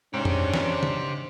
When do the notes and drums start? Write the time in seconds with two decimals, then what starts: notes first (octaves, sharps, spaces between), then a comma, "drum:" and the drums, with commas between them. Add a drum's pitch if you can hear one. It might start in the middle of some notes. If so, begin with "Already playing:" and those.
0.14 G#2 C#4 D4 G4 C5
0.25 drum: tom F2
0.54 drum: snare
0.83 drum: tom C#3